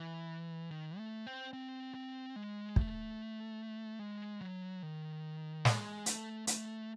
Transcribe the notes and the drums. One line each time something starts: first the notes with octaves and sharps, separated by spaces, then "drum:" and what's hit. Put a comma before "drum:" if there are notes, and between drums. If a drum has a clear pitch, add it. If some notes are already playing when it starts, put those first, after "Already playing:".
Already playing: E3
D#3
A3
C4
C4
C4
G#3
A3, drum: kick
G#3
F#3
D#3
G#3, drum: snare
A3, drum: hi-hat
A3, drum: hi-hat